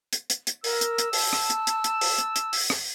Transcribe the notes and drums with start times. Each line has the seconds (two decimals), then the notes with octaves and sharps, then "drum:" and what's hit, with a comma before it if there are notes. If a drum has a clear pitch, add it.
0.13 drum: hi-hat
0.30 drum: hi-hat
0.47 drum: hi-hat
0.64 A#4 E6, drum: open hi-hat
0.81 drum: hi-hat
0.98 drum: hi-hat
1.13 A5, drum: open hi-hat
1.33 drum: rim click
1.50 drum: hi-hat
1.67 drum: hi-hat
1.84 drum: hi-hat
2.01 drum: open hi-hat
2.19 drum: hi-hat
2.36 drum: hi-hat
2.53 drum: open hi-hat
2.70 drum: rim click